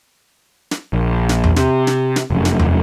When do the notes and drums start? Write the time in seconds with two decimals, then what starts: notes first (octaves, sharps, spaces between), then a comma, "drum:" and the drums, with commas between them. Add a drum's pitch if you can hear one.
0.71 drum: snare
0.93 A#1
1.29 drum: snare
1.44 drum: tom E2
1.56 C3, drum: snare
1.87 drum: snare
2.16 drum: snare
2.30 F1 F#2
2.45 drum: snare
2.59 drum: tom E2